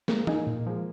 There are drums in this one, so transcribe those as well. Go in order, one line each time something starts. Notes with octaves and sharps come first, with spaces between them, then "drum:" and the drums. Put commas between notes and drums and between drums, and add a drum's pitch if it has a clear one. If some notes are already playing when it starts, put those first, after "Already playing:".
G#3 A#3, drum: snare
D#4 G#4, drum: tom
A#2
F3 G#3